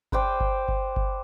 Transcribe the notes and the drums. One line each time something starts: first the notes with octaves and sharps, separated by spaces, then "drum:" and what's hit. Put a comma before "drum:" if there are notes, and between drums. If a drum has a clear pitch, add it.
B4 C5 D5 G5, drum: kick G1
drum: kick G1
drum: kick G1
drum: kick G1